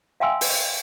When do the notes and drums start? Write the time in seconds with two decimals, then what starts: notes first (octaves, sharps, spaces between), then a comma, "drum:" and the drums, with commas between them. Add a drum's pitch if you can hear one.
0.20 E5 F5 G5 G#5 C6 E6
0.41 drum: open hi-hat